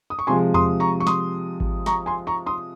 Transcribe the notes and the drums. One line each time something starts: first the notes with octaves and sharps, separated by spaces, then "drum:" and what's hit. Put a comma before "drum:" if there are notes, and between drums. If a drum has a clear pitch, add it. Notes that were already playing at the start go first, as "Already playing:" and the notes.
D#6
C#6
C3 F3 G#3 G#5 C6
C6 D#6, drum: tom E2
A#5 C#6
C#6
C6 D#6, drum: snare
drum: kick G#1
A#5 C#6, drum: snare
G#5 C6
A#5 C#6
C6 D#6